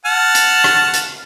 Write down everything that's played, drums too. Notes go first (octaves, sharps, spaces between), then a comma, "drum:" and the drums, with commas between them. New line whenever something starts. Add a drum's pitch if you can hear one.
F#5 A5 F6
drum: hi-hat
drum: rim click
drum: hi-hat